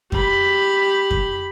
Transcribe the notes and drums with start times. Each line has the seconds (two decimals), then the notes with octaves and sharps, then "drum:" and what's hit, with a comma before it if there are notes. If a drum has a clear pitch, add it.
0.12 G4 B5, drum: kick F2
1.11 drum: kick F2